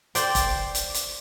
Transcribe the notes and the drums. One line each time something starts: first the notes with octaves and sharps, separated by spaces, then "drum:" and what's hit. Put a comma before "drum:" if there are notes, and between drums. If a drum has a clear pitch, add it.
C5 D5 G5, drum: hi-hat
drum: kick, hi-hat
drum: hi-hat
drum: hi-hat